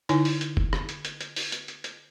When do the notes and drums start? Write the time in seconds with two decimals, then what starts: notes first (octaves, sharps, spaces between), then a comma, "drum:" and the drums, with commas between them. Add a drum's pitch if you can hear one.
0.09 D3 D#4 E4 C#5 G#5, drum: hi-hat
0.25 drum: open hi-hat
0.41 drum: hi-hat
0.57 drum: kick F1
0.73 drum: rim click
0.89 drum: hi-hat
1.05 drum: hi-hat
1.21 drum: hi-hat
1.36 drum: open hi-hat
1.52 drum: hi-hat
1.68 drum: hi-hat
1.84 drum: hi-hat